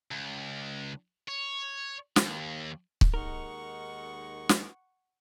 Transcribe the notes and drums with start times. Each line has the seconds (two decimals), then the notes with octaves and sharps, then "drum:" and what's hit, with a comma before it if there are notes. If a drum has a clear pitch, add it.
0.11 C#2
1.28 C#5
2.16 D#2, drum: snare
3.01 drum: kick C#1
3.14 D#2 G#3 D#4 A#4 F#5 C#6
4.49 drum: snare